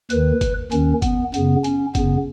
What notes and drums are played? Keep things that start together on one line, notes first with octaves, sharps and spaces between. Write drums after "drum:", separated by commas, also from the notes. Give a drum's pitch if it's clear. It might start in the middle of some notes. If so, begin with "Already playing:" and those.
D#2 D#3 B4, drum: hi-hat
drum: kick F#1, hi-hat
D#2 D#3 C#4, drum: hi-hat
B3, drum: kick F#1, hi-hat
F#2 C#3 B3, drum: hi-hat
C#4, drum: hi-hat
F#2 C#3 B3, drum: kick F#1, hi-hat